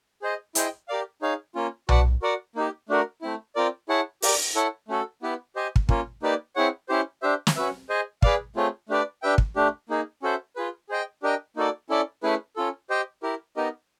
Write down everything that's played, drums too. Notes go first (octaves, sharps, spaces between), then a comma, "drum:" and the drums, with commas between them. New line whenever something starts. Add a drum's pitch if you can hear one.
G#4 C5 D#5
E4 G#4 C5 D#5 G5, drum: hi-hat
G4 A#4 D5 F5
D#4 G#4 C#5 F5
A#3 C#4 F4
F#4 B4 D5 F#5 A5, drum: tom B1
F#4 A#4 D5 F#5
A#3 D#4 G4
A3 D4 F#4 A#4
A3 C4 E4
C4 F4 A#4 D5
E4 G#4 C#5 F#5 A5
G4 A#4 D5, drum: open hi-hat
E4 A4 C#5 F#5 A5
A3 C#4 F#4 A4
B3 E4 G4 B4
G4 C5 D#5 G#5
drum: kick
A#3 C#4 F4, drum: kick
A#3 D#4 G4 B4 D5
C4 E4 G#4 C#5 F#5
C#4 E4 G4 C5
D4 G4 C5 E5
drum: snare
C#4 F#4 B4 E5
G#4 C5 D#5 G#5
G#4 B4 D5 F5, drum: kick
A3 C4 F4 G#4 C#5
A3 D4 G4 B4 D5
D4 G4 B4 E5 G5
drum: kick
A3 D4 G4
A#3 D#4 G#4
C#4 F#4 A4 C5 E5
F4 G#4 B4
G#4 C5 D#5 G5
D4 G4 A#4 D#5 G5
A#3 D#4 F#4 A4 D5
C#4 E4 A4 D5
A3 C#4 E4 G#4 B4
C#4 F4 A4
G4 C5 D#5 G5
E4 G4 A#4
B3 D#4 G4 A#4 D#5